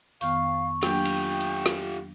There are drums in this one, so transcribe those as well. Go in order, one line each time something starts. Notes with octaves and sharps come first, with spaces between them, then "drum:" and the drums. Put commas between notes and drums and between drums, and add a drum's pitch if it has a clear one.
F2 D#3 B3 F5 C#6, drum: open hi-hat
F#3 A#3 D4 F4 G4 G5, drum: snare
drum: cymbal
drum: hi-hat
drum: snare